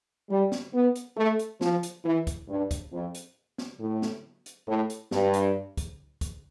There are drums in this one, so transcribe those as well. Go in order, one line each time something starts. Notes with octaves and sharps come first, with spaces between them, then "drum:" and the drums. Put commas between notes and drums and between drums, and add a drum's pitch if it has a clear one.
G3
drum: snare
B3
drum: hi-hat
A3
drum: hi-hat
F3, drum: snare
drum: hi-hat
E3
drum: kick, hi-hat
G2
drum: kick, hi-hat
F2
drum: hi-hat
drum: snare
A2
drum: snare
drum: hi-hat
A2
drum: hi-hat
G2, drum: snare
drum: hi-hat
drum: kick, hi-hat
drum: kick, hi-hat